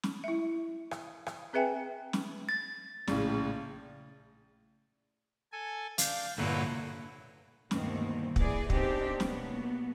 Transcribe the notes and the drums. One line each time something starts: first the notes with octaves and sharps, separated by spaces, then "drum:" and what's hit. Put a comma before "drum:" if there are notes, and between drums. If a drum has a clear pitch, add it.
drum: snare
E4 E5
drum: rim click
drum: rim click
C4 G#4 B4 E5 G5 G#5
drum: snare
A6
A#1 A2 C#3, drum: snare
A4 G#5
D4 F5 G6, drum: hi-hat
C2 G2 A#2 D3 F#3 A#3 E4 B4
D2 G2 B2 D#3 A#3 C4, drum: snare
E3 G#4 D5, drum: kick
B3 C4 D4 D#4 G4, drum: kick
B2 F#3 A#3 B3, drum: snare